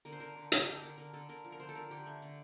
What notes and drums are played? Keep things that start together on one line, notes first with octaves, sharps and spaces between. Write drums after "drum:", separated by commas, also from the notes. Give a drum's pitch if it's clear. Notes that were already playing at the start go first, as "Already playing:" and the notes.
D3 A#4
C5
D3 A#4
D3
D3, drum: hi-hat
G4
D3 A4
D3 A#4
D3 A#4
D3 A4
D3 A#4
F3
A#4
D3 C5
A4
D3 A#4
D3 G4
A3
D3